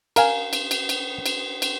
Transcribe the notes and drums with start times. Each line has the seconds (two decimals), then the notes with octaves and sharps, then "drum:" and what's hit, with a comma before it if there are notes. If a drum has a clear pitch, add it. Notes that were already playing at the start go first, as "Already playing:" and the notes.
0.16 A#4 F5 G#5, drum: cymbal
0.53 drum: cymbal
0.71 drum: cymbal
0.89 drum: cymbal
1.26 drum: cymbal
1.62 drum: cymbal